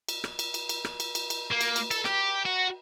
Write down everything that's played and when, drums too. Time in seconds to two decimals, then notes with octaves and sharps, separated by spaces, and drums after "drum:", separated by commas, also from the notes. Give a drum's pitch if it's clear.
0.09 drum: cymbal
0.24 drum: rim click
0.39 drum: cymbal
0.54 drum: cymbal
0.69 drum: cymbal
0.85 drum: rim click
1.00 drum: cymbal
1.15 drum: cymbal
1.30 drum: cymbal
1.51 A#3
1.61 drum: cymbal
1.76 drum: cymbal
1.91 A4, drum: cymbal
2.05 G4, drum: rim click
2.45 F#4